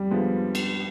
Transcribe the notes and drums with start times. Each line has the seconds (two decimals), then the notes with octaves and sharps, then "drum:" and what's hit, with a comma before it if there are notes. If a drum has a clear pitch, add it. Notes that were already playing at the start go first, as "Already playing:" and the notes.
Already playing: F2 G3
0.10 D3 F3 G#3 B3
0.55 drum: cymbal